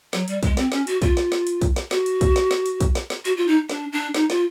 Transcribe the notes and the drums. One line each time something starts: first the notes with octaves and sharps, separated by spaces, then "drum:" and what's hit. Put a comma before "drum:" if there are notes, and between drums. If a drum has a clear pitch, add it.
F#3, drum: snare
G3, drum: hi-hat
G#3, drum: kick, hi-hat
C4, drum: snare
C#4, drum: snare
F#4, drum: hi-hat
F4, drum: kick, hi-hat
drum: snare
drum: snare
drum: hi-hat
drum: kick, hi-hat
drum: snare
F#4, drum: snare
drum: hi-hat
drum: kick, hi-hat
drum: snare
drum: snare
drum: hi-hat
drum: kick, hi-hat
drum: snare
drum: snare
F#4, drum: hi-hat
F4
D#4
D4, drum: snare
D4
D#4, drum: snare
F4, drum: snare